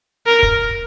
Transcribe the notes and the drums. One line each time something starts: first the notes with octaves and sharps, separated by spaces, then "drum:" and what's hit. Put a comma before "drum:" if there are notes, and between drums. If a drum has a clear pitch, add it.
A#4
drum: kick